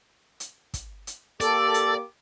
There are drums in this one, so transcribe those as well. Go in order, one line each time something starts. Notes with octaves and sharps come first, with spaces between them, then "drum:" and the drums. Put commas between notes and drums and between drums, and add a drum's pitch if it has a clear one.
drum: hi-hat
drum: kick, hi-hat
drum: hi-hat
A#3 G4 A4 D5 D6, drum: hi-hat
drum: hi-hat